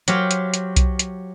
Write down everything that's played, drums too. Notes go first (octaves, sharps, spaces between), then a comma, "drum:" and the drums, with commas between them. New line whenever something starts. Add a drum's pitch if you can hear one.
F#3 G4 C5 F5, drum: hi-hat
drum: hi-hat
drum: hi-hat
drum: kick B1, hi-hat
drum: hi-hat